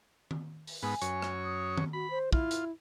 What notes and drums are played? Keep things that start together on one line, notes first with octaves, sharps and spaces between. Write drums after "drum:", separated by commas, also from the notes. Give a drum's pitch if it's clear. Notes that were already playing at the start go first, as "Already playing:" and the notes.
drum: tom D#3
drum: open hi-hat
G#2 B3 G#5
F#2 C#5, drum: hi-hat
drum: rim click
D#6
drum: tom D#3
F#4 B5
C5
E4 F4, drum: kick
drum: hi-hat